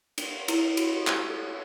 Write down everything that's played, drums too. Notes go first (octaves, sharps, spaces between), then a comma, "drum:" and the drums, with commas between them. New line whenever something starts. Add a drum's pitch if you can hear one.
D4, drum: cymbal
E4, drum: cymbal
F#4, drum: cymbal
A4
G4, drum: clap
A4